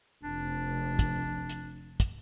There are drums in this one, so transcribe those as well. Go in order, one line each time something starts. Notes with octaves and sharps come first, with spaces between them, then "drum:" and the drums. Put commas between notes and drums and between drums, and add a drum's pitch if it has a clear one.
F1 D4
drum: kick, hi-hat
drum: hi-hat
drum: kick, hi-hat